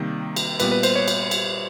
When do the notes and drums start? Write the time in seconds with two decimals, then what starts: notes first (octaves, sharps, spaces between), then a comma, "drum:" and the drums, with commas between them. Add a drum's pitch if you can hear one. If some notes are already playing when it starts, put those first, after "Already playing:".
Already playing: C3 D#3 G3 A#3
0.36 drum: cymbal
0.60 A#2 G3 B3 B4, drum: cymbal
0.71 B4
0.83 C5, drum: cymbal
0.96 C#5
1.08 drum: cymbal
1.31 drum: cymbal